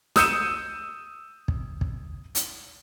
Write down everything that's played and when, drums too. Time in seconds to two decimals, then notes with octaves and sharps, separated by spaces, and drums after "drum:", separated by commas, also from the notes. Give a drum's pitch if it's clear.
0.16 D#6 E6 G6 C#7 D#7 E7, drum: snare
1.48 drum: kick
1.81 drum: kick
2.35 drum: hi-hat